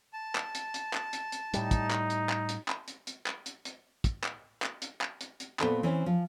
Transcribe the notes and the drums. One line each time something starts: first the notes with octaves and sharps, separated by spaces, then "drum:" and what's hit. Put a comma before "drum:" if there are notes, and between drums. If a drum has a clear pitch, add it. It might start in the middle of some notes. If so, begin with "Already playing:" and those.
A5
drum: clap
drum: hi-hat
drum: hi-hat
drum: clap
drum: hi-hat
drum: hi-hat
A2 G3 D#4, drum: hi-hat
drum: kick, hi-hat
drum: clap
drum: hi-hat
drum: clap
drum: hi-hat
drum: clap
drum: hi-hat
drum: hi-hat
drum: clap
drum: hi-hat
drum: hi-hat
drum: kick, hi-hat
drum: clap
drum: clap
drum: hi-hat
drum: clap
drum: hi-hat
drum: hi-hat
A#2 B3 C4 A4 D5 G5, drum: clap
E3 C4 C#4
F3